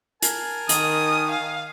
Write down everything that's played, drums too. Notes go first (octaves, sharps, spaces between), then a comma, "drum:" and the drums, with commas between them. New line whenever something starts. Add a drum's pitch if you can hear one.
A#4 G#5 A5, drum: hi-hat
D#3 D#6, drum: hi-hat
F5